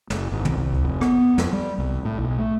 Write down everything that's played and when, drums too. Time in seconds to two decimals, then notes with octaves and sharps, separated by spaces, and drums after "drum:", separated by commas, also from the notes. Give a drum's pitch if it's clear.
0.10 F#1, drum: snare
0.32 G#1
0.45 C2, drum: tom
0.57 C2
0.73 drum: kick C#2
0.83 F1
1.01 B3, drum: rim click
1.38 F2, drum: snare
1.53 G3
1.78 C2
2.05 A2
2.19 B1
2.38 A3